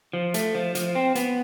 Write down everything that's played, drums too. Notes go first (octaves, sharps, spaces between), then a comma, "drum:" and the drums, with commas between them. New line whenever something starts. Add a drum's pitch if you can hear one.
F3
A3, drum: hi-hat
F3
F3, drum: hi-hat
C4
B3, drum: hi-hat